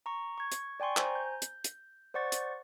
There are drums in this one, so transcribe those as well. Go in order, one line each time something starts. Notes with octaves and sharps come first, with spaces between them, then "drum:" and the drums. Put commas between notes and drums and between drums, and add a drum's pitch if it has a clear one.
A#5 C#6
C#6 G#6
drum: hi-hat
D5 G5 G#5 C6 C#6
C5 G#5 A#5, drum: clap
G6
drum: hi-hat
drum: hi-hat
C5 D5 F#5 C#6 A6
drum: hi-hat